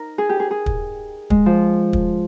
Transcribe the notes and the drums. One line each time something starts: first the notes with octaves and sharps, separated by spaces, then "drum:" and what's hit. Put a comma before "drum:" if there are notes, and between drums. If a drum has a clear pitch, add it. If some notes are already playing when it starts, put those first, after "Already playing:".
Already playing: D#4 A#4
G#4
G4
G#4
G#4
drum: kick
G#3, drum: kick
F3
drum: kick